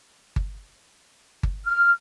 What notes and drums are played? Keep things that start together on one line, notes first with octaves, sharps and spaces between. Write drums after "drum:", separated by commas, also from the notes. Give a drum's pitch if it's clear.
drum: kick G1
drum: kick G1
F6